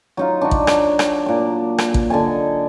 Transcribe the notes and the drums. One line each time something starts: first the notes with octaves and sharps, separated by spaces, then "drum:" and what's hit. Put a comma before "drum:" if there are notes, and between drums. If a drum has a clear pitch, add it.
F#3 D#4 F4
D4 F#4
drum: kick A1
drum: rim click
drum: rim click
A#2 D6
drum: rim click
drum: kick A1
D3 A4 D#5 G#5